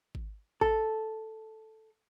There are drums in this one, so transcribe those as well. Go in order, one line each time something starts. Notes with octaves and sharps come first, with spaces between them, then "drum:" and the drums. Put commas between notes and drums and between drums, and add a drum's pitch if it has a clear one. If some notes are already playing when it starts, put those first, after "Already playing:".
drum: kick G#1
A4, drum: kick G#1